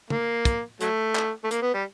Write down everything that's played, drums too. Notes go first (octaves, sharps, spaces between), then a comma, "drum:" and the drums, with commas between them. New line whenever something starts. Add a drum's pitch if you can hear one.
A#3, drum: tom
drum: kick, hi-hat
F#3 A3, drum: hi-hat
drum: clap
A3
A#3, drum: hi-hat
B3
G3